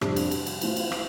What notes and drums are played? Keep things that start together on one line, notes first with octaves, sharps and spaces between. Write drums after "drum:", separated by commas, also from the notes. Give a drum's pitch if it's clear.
F2 C3 G3 D4, drum: rim click
drum: cymbal
drum: cymbal
drum: cymbal
E3 A3 C4 F4, drum: cymbal
drum: cymbal
drum: rim click